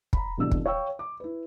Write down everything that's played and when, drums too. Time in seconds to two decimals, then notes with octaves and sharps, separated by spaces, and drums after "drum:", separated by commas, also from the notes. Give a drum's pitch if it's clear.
0.13 A#5 B5, drum: kick
0.38 C2 B2 D3 E3 E6
0.51 drum: kick
0.66 C#5 F5 G5 C#6 E6
0.99 D6
1.20 E4 B4